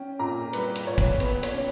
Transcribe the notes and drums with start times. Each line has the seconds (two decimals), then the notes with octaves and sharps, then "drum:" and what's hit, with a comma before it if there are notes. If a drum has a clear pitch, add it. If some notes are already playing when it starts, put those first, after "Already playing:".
Already playing: C#4 G5
0.19 A#2 A#5
0.53 G3 B4, drum: cymbal
0.75 drum: cymbal
0.87 A#2 C#5
0.98 drum: kick, cymbal
1.20 B3 B4, drum: cymbal
1.43 C#5, drum: cymbal
1.54 C#3